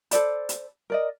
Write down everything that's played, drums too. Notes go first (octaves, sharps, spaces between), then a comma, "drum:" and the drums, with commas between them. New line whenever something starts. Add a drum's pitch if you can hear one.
A4 C5 D5 B5, drum: hi-hat
drum: hi-hat
A#4 D5 D#5